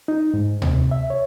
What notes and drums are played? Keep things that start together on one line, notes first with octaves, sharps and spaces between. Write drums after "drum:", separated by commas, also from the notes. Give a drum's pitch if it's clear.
D#4
G#2
C3, drum: tom D2
E5
C#5